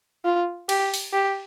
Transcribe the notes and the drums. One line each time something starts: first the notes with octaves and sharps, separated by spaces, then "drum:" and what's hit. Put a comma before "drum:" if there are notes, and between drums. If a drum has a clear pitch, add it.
F4
G4, drum: cymbal
drum: open hi-hat
G4